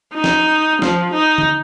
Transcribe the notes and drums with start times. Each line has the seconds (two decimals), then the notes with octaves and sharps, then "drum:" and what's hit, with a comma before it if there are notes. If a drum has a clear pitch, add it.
0.14 D#4
0.24 drum: snare
0.82 F3, drum: snare
1.13 D#4
1.38 drum: tom D3